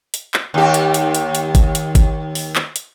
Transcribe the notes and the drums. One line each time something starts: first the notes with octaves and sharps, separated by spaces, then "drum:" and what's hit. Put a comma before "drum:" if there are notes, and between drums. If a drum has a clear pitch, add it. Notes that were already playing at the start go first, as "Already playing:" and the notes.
drum: hi-hat
drum: clap
D#2 G4
drum: hi-hat
drum: hi-hat
drum: hi-hat
drum: hi-hat
drum: kick G1, hi-hat
drum: hi-hat
drum: kick G1, hi-hat
drum: open hi-hat
drum: clap
drum: hi-hat